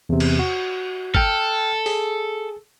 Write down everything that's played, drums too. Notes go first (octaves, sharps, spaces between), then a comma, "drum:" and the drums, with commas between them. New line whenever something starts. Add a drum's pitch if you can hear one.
E2 C3
drum: cymbal
F#4
A4 G5 F6, drum: kick
G#4, drum: open hi-hat